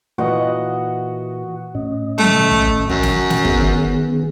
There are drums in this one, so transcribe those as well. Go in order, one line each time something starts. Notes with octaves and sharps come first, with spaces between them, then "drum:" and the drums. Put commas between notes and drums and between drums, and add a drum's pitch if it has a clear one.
A#2 E3 F#4 D#5 F#5
A2 C#4 D#5
A3, drum: tom
drum: tom
F#2, drum: tom
drum: snare
drum: snare
D#3 B3 G#4, drum: kick